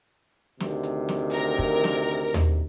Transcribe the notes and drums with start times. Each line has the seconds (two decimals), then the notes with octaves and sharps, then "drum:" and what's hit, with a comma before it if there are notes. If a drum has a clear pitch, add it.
0.60 D2 C3 D#3, drum: snare
0.83 drum: hi-hat
1.09 drum: snare
1.34 A#4, drum: hi-hat
1.59 drum: kick, hi-hat
1.84 drum: snare
2.34 drum: tom D#2